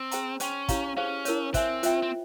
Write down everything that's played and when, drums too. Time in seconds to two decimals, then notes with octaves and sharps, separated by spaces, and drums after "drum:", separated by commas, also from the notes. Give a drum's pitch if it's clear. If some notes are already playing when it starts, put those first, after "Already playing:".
Already playing: C4
0.11 G#4 C5 G5 A#5, drum: hi-hat
0.40 C#4 C5 G5 C6, drum: hi-hat
0.69 E4 G4 C#5 F5 A#5, drum: kick, hi-hat
0.97 C#4 G#4 C5 F5
1.25 E4 A#4 C#5, drum: hi-hat
1.54 C4 C5 E5 G#5, drum: kick, hi-hat
1.83 F4 C5 E5 G5, drum: hi-hat
2.03 C4